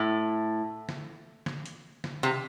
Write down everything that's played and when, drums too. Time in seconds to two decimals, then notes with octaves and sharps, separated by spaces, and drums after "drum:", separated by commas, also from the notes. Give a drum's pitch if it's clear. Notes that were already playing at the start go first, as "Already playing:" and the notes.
Already playing: A2
0.89 drum: snare
1.46 drum: snare
1.66 drum: hi-hat
2.04 drum: snare
2.23 C3